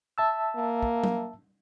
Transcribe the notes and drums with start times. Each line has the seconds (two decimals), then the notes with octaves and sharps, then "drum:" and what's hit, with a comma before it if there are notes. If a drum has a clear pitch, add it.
0.18 E5 A5 E6
0.56 A#3
0.82 drum: kick
1.04 drum: tom